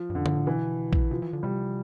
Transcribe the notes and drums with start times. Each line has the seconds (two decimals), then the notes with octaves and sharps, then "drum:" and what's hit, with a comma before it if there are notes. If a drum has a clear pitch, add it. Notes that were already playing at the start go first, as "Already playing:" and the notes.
Already playing: F3
0.10 G2
0.15 F2 D3
0.26 G2, drum: tom D3
0.37 A2
0.46 B2 E3
0.93 drum: kick A#1
1.11 C3 F3
1.22 E3
1.33 D3
1.43 C3 G3